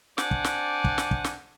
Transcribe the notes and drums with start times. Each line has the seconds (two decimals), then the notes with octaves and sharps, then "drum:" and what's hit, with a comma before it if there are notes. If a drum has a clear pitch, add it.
0.18 C4 D4 D5 F#5 G#5, drum: snare
0.31 drum: kick
0.44 drum: snare
0.84 drum: kick
0.98 drum: snare
1.11 drum: kick
1.24 drum: snare